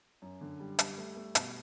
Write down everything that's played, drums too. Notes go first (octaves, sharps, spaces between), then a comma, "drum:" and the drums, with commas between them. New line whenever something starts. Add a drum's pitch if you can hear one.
F#2
D3
G3
G3, drum: hi-hat
A3
A3
B2, drum: hi-hat